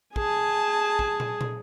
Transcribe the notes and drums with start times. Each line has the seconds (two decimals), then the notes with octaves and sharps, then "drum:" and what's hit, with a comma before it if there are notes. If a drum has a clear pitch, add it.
0.16 G#4 G#5 A5, drum: kick
0.99 drum: kick
1.20 drum: tom
1.41 drum: tom